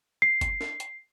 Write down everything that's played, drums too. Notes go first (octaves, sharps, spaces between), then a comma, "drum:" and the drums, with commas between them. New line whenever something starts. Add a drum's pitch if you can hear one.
C7
drum: kick G1, hi-hat
drum: snare
drum: hi-hat